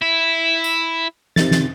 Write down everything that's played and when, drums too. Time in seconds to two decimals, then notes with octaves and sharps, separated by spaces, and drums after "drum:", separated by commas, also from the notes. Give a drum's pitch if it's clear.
0.02 E4
0.64 drum: tambourine
1.36 C3 D#3 A6, drum: snare
1.51 drum: snare